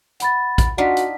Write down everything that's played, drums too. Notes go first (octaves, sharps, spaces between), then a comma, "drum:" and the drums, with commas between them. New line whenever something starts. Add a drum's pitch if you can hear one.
F#5 B5 A6, drum: hi-hat
drum: kick, hi-hat
D4 D#4 F4 F#4 F#5 B6
drum: hi-hat